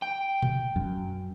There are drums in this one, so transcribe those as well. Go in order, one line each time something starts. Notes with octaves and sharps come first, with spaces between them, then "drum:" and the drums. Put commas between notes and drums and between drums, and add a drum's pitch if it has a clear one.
G5
drum: tom A#2
F#2